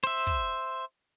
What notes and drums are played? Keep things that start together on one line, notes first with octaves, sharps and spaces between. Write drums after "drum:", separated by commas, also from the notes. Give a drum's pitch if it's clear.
C5 E5
drum: kick